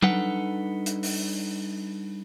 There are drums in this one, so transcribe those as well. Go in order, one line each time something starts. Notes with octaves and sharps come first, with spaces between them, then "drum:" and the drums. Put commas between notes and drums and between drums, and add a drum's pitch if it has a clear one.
G3 D4 D#4 A4 B4 F#5, drum: tom F#3
drum: hi-hat
drum: open hi-hat